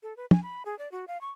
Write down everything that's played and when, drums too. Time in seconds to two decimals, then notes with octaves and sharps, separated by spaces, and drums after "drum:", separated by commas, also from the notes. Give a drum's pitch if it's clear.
0.03 A4
0.17 B4
0.31 G#5, drum: tom
0.43 B5
0.65 G#4
0.79 D5
0.92 F#4
1.08 F5
1.21 C#6